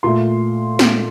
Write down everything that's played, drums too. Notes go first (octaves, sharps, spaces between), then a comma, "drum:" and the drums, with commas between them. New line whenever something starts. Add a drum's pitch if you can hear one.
A#2 A3 C6
drum: snare